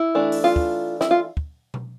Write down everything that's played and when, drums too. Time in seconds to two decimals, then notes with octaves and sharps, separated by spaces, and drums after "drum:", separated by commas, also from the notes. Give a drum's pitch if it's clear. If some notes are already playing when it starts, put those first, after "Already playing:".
Already playing: E4
0.15 E3 A3 D4
0.32 drum: open hi-hat
0.44 F4
0.56 drum: kick
1.01 E4, drum: snare
1.11 F4
1.37 drum: kick
1.74 drum: tom B2